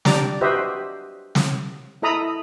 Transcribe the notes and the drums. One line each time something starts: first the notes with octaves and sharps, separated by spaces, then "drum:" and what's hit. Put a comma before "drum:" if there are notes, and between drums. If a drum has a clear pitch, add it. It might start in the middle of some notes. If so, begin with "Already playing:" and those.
D4 G4 D5 A#5 D6, drum: snare
F#4 G4 B4 C5 D#5 E5
drum: snare
E4 A4 D#5 A#5 B5 D#6